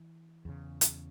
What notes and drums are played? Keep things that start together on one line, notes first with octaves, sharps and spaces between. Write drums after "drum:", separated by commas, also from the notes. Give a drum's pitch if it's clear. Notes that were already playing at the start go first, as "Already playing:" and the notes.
Already playing: E3
E2 C#3
drum: hi-hat